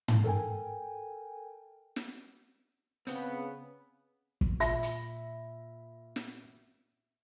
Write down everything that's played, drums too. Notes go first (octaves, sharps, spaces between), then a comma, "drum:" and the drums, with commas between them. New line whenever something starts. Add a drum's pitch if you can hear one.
drum: tom
A4 A#4 G5 G#5
drum: snare
C#3 B3 C4, drum: hi-hat
drum: kick
A#2 E5 B5 A#6, drum: hi-hat
drum: hi-hat
drum: snare